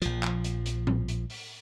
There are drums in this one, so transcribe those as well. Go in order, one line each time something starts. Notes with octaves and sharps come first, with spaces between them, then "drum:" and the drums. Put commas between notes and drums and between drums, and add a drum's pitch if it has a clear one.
A#1 F3, drum: hi-hat
drum: clap
drum: hi-hat
drum: hi-hat
drum: tom A2
drum: hi-hat
drum: open hi-hat